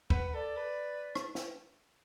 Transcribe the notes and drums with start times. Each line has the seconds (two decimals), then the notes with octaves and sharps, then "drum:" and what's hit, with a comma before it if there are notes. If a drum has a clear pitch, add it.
0.10 B4 F#5, drum: kick
0.34 A4 D5
0.57 B4
1.15 drum: rim click
1.35 drum: snare